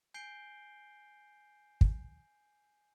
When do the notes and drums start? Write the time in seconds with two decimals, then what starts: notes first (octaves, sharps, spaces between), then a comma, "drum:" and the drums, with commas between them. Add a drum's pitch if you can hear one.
0.14 G#5 G6 C7 D7 G7
1.81 drum: kick